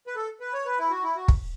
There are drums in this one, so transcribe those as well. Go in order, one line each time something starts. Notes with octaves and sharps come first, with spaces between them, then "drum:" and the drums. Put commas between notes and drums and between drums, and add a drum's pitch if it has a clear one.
B4
A4
B4
C#5
B4
E4
F#4
E4
F#4
drum: kick